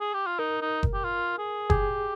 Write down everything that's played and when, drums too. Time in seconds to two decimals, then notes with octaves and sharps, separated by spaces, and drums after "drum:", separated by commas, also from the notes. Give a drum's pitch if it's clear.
0.01 G#4
0.14 G4
0.26 F4
0.39 D#4 A#4
0.62 D#4
0.83 drum: kick F#1
0.94 G4
1.04 F4
1.38 G#4
1.70 G4 G#4, drum: kick F#1